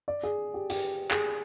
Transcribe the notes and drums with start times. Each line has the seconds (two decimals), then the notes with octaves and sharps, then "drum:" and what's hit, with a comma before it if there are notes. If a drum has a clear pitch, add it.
0.08 D5
0.23 G#4
0.54 G4
0.70 G4, drum: hi-hat
1.11 G#4, drum: clap